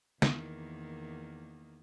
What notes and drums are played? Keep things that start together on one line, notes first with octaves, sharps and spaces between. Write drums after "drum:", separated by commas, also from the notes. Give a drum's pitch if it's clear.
E2 D#3 A#3, drum: snare